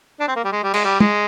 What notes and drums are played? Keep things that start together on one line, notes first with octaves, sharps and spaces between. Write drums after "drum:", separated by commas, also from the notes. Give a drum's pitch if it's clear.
D4
C4
A#3
G3
G#3
G3
G#3, drum: cymbal
G3
G#3, drum: tom